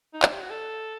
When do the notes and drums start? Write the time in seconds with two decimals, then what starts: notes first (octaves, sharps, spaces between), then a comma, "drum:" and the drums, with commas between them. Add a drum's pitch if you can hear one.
0.13 D#4
0.22 D4, drum: clap
0.32 G4
0.41 F#4
0.50 A4